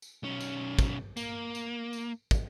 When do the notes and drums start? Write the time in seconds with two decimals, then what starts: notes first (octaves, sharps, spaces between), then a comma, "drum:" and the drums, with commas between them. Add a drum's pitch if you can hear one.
0.02 drum: tambourine
0.23 B1 C#4
0.40 drum: tambourine
0.79 drum: kick, tambourine
1.17 A#3, drum: tambourine
1.55 drum: tambourine
1.93 drum: tambourine
2.31 drum: kick, tambourine